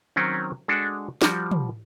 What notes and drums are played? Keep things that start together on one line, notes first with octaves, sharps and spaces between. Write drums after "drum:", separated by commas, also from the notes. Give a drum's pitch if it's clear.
D#3 F#3 C4 C#4
G#3 D4 F#4 A4
F3 G3 F#4, drum: snare
drum: tom